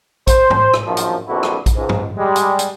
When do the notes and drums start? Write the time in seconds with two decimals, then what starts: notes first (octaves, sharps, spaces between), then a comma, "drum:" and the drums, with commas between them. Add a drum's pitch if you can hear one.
0.27 C5, drum: kick A#1, hi-hat
0.50 drum: tom
0.74 drum: rim click
0.85 A#1 F#2 D#3 F3
0.97 drum: hi-hat
1.28 A#1 F2 D3 B3 E4 F#4
1.43 drum: rim click
1.66 drum: kick A#1, hi-hat
1.75 C#2 G#2
1.89 drum: tom G2
2.17 G3 G#3
2.36 drum: hi-hat
2.59 drum: hi-hat